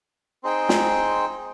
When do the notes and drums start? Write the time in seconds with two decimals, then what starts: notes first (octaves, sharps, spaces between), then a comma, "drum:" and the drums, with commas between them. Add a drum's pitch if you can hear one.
0.43 C4 D#4 G#4 C5 G5
0.69 drum: snare